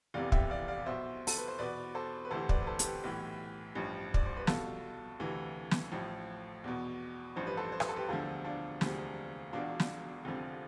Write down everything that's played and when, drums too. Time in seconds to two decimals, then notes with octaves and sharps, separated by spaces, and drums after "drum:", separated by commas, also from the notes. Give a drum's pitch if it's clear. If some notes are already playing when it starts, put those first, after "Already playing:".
0.14 F1 E2 C3 E3 D5 F5
0.32 E5 G5, drum: kick
0.50 D5 F5
0.68 D5 F5
0.86 B1 B2 C5 E5
1.27 A4, drum: open hi-hat
1.37 B4
1.48 C5
1.59 E2 B2 B4 D5
1.95 A4 C5
2.25 B4
2.31 D2 C3 E3 A4 C5
2.49 B4 D5, drum: kick
2.62 B4
2.67 A4 C5
2.79 A4, drum: hi-hat
2.85 G4 B4
3.03 B1 A2 E3
3.75 A1 G2 F3
4.14 D5, drum: kick
4.25 C5
4.37 B4
4.47 C2 B2 F4 A4, drum: snare
5.20 D2 C3 E3
5.71 drum: snare
5.92 A1 A2 F3
6.64 E2 B2
7.36 A1 G2 F3 C5
7.47 B4
7.57 A4 C5
7.72 C5
7.80 B4, drum: rim click
7.89 A4
7.96 G4 B4
8.08 E1 D2 D3 F3 F4 A4
8.45 D4 F4
8.81 E1 D2 C3 F3, drum: snare
9.53 E1 E2 B2 D4 F4
9.80 drum: snare
10.25 F1 F2 D3 F3